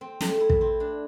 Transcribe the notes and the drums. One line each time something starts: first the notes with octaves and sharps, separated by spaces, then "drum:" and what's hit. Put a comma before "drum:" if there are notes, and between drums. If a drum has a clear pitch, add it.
C4
A3, drum: snare
E4
drum: kick
C4
D4